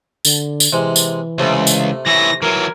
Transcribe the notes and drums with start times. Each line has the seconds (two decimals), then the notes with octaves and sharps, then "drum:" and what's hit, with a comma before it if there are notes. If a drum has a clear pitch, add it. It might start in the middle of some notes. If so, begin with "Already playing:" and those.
0.25 D3, drum: tambourine
0.60 drum: tambourine
0.73 C3 E3 G#3
0.96 drum: tambourine
1.38 C#2 C3 A3
1.67 drum: tambourine
2.06 E3 C#5 E5 A#6
2.42 E3 F#3 A#4 G#6